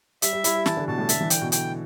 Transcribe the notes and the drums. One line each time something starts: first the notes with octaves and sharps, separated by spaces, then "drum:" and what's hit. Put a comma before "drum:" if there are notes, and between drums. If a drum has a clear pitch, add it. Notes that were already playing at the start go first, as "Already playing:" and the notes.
G3 E5, drum: hi-hat
G3
G3 E4, drum: hi-hat
G3
E3 A5, drum: snare
D3
B2 A5
A2
D3 E5, drum: hi-hat
E3
D3 G5, drum: hi-hat
B2
D3 G5, drum: hi-hat